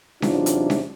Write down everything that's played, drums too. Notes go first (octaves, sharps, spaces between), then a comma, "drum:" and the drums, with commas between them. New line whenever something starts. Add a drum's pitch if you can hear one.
E2 C3 F#3 D4 D#4 F4, drum: snare C#4
drum: hi-hat
drum: snare C#4